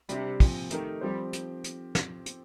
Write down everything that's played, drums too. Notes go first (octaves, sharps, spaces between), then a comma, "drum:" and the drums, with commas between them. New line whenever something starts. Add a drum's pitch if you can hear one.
C3 G3 D4 G4, drum: hi-hat
A#2 F3 C4, drum: kick, open hi-hat
D#3 A3 D#4 G4 A#4, drum: hi-hat
F3 G3 C4 G4 C5
drum: hi-hat
drum: hi-hat
drum: snare
drum: hi-hat